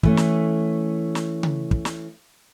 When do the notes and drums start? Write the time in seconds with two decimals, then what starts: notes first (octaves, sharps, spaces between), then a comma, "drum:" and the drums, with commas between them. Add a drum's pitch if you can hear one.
0.03 E3 A3 C#4, drum: kick
0.17 drum: snare
1.15 drum: snare
1.43 drum: tom C#3
1.71 drum: kick
1.85 drum: snare